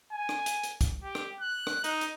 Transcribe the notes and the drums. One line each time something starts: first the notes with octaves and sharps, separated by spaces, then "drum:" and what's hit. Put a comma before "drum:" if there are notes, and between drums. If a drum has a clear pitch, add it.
G#5
drum: rim click
drum: hi-hat
drum: hi-hat
drum: kick, hi-hat
G4
drum: rim click
F#6
drum: rim click
D#4, drum: hi-hat
drum: hi-hat